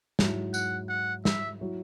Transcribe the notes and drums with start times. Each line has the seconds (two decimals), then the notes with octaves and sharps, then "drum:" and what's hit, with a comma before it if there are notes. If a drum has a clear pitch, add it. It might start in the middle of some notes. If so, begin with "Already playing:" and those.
0.19 G#2 F#3 E4, drum: snare
0.54 F#5, drum: tambourine
0.89 F#5
1.25 E5, drum: snare
1.59 F#3 E4